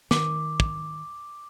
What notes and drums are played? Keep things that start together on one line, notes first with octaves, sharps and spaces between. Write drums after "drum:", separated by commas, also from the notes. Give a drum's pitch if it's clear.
D#3 D6, drum: snare
drum: kick